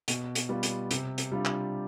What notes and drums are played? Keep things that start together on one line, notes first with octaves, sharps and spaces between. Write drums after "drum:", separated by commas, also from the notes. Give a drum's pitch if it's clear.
B2, drum: hi-hat
drum: hi-hat
G3 B3 F4
drum: hi-hat
C3, drum: hi-hat
drum: hi-hat
G3 D4 F4
drum: clap